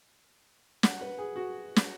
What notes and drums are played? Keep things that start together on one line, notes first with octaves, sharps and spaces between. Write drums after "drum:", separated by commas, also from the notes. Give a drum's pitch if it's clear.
F#5, drum: snare
B4
G#4
F#4
drum: snare